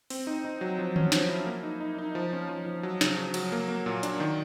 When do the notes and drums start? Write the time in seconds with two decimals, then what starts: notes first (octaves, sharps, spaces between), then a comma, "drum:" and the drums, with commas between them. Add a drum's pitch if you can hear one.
0.10 C4, drum: open hi-hat
0.27 D#4
0.45 D#4
0.61 F#3
0.79 F3
0.96 C#4, drum: tom D#3
1.12 F3, drum: snare
1.29 E4
1.46 A#3
1.63 D#4
1.81 D#4
1.98 D#4
2.15 F3
2.33 C#4
2.49 F3
2.66 F3
2.83 F#3
3.01 C#3, drum: snare
3.17 F#3
3.34 F#3, drum: cymbal
3.52 A#3
3.68 A#3
3.86 A#2
4.03 D4, drum: hi-hat
4.20 D#3